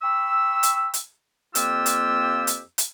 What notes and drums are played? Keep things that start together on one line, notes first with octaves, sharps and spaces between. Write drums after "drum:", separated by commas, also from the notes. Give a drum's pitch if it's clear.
G5 B5 C#6 E6
drum: hi-hat
drum: hi-hat
F2 A#3 C4 F4 G4 E6, drum: hi-hat
drum: hi-hat
drum: hi-hat
drum: hi-hat